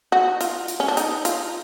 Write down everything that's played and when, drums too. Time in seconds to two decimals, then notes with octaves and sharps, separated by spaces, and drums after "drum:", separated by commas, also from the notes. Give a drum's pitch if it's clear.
0.12 F#4
0.41 F4, drum: hi-hat
0.68 drum: hi-hat
0.80 C#4
0.88 D4
0.97 D#4, drum: hi-hat
1.25 F4, drum: hi-hat